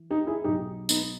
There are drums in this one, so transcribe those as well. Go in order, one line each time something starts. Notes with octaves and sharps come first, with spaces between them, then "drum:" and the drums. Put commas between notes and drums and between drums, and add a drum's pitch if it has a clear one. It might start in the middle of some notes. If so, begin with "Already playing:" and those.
Already playing: E3
D#4 G4
E4 G#4
B1 B2 D#4 G4
B3 D#4, drum: tambourine